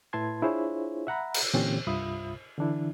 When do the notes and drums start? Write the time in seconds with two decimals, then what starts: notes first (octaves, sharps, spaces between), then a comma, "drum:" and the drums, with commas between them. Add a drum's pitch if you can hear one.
0.13 A2 E4 B4 A5 C6 G#6
0.42 D4 E4 F4 G#4 C5 C#5
1.07 E5 F#5 A#5 B5
1.34 drum: cymbal
1.54 A#2 D3 E3 C4 C#4 G4
1.87 C2 G2 F4 E5 B5 D#6
2.58 D3 E3 D4 E4